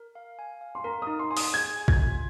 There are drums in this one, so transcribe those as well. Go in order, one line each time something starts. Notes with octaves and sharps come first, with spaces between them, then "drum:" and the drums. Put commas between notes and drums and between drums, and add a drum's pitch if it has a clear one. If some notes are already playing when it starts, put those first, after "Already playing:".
Already playing: A#4
F5
G#5
F5
C6
A#4 A#5
D#4 D#6
C6
G#5 C6
D#6, drum: open hi-hat
G#4 G#6
G#5
G#6, drum: kick A1
F4